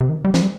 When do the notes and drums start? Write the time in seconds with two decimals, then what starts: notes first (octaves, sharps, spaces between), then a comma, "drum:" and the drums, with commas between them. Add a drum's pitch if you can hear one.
0.01 C3
0.09 D#3
0.25 G3
0.34 F3, drum: snare
0.42 G3